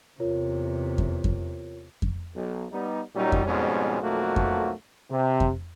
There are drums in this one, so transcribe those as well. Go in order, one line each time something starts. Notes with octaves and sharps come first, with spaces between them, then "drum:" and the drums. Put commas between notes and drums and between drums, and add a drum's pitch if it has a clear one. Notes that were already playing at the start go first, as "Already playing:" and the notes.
E2 C3 F4 A#4 C#5
drum: kick F2
drum: kick F2
drum: kick F2
B1
G3 B3 D#4
A#2 F#3 G3 C#4 D#4
drum: kick F2
F2 G#2 B2 G3 G#3 C#4
B1 F2 A3 A#3 F#4
drum: kick F2
C3
drum: kick F2